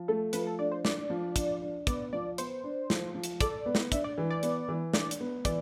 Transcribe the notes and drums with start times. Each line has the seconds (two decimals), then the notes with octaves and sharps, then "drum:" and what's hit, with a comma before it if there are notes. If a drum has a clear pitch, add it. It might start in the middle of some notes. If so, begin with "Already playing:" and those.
Already playing: F3
0.08 A3 A4
0.33 F3 B4, drum: hi-hat
0.47 A4
0.59 D4 D5
0.72 C5
0.85 D4 D5, drum: snare
1.10 F3
1.36 D4, drum: kick, hi-hat
1.62 D4
1.87 B3 D5, drum: kick, hi-hat
2.13 F3 D5
2.38 B3 C5, drum: hi-hat
2.64 D4
2.90 F3, drum: snare
3.15 F3
3.24 drum: hi-hat
3.40 A4 D5, drum: kick, hi-hat
3.66 B3
3.75 drum: snare
3.92 D4 E5, drum: kick, hi-hat
4.04 D5
4.18 E3
4.30 D5
4.43 B3, drum: hi-hat
4.68 E3
4.94 D4 D5, drum: snare
5.11 drum: hi-hat
5.20 B3
5.45 E3 D5, drum: kick, hi-hat